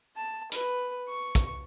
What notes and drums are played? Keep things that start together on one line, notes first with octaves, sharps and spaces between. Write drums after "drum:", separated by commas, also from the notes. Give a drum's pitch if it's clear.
A5
B4, drum: hi-hat
C#6
drum: kick, hi-hat